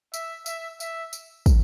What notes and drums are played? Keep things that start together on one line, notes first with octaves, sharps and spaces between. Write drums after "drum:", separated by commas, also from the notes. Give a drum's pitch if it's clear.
E5, drum: tambourine
E5, drum: tambourine
E5, drum: tambourine
drum: tambourine
drum: kick, tambourine